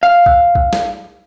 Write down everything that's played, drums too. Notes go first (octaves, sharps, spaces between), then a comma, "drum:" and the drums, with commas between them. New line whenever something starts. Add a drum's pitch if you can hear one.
F5
drum: kick B1
drum: kick B1
drum: snare